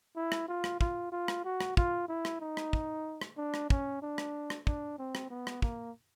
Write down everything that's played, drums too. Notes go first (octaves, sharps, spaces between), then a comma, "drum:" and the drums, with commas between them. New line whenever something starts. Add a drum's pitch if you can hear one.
E4
drum: rim click
F4
drum: rim click
F4, drum: kick
F4
drum: rim click
F#4
drum: rim click
F4, drum: kick
E4
drum: rim click
D#4
drum: rim click
drum: kick
drum: rim click
D4
drum: rim click
C#4, drum: kick
D4
drum: rim click
drum: rim click
D4, drum: kick
C4
drum: rim click
B3
drum: rim click
A#3, drum: kick